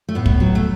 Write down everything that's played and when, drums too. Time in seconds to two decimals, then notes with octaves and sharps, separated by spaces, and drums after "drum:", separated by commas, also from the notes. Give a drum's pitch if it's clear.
0.08 A3
0.15 A2 B3
0.26 drum: kick
0.40 F#3
0.55 A3